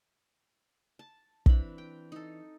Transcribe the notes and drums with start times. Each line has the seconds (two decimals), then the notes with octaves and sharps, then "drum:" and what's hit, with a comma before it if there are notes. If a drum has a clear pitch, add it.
0.99 A5
1.46 E3 C4 D4 E4 B5, drum: kick
1.78 G5
2.12 D#4 A4